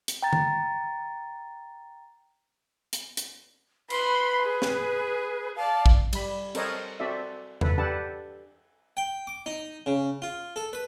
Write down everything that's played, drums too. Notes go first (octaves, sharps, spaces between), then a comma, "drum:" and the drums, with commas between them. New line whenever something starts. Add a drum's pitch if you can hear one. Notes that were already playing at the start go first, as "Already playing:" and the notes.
drum: hi-hat
G5 A#5 A6
drum: tom D3
drum: hi-hat
drum: hi-hat
B4 B5 C6, drum: cymbal
G#4
drum: snare
D5 F5 A5
drum: kick A#1
G3 B5, drum: cymbal
C4 A4 A#4 C5 C#5 D#5, drum: cymbal
C4 F#4 A4 D5 E5
A4 B4, drum: tom E2
D4 G4 A4 B4 F#5 A5
G5
D6
D#4
C#3
F4
A4
B4